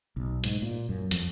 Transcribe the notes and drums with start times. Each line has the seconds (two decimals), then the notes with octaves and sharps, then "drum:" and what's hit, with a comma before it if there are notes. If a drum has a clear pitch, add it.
0.17 B1
0.44 G#2, drum: hi-hat
0.62 A#2
0.89 F#2
1.11 F2, drum: hi-hat